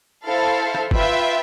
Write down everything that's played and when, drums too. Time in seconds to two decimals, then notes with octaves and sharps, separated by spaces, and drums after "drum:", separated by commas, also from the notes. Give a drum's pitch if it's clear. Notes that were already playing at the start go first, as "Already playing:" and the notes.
0.24 E4 A4 C5 F5
0.75 drum: rim click
0.91 F4 B4 E5 G5, drum: kick